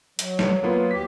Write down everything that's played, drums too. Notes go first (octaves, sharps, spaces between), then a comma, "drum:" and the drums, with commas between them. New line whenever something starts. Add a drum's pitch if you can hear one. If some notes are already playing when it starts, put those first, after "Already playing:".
F#3, drum: hi-hat
drum: snare
A#3 B3 F4
D#2 G4 B6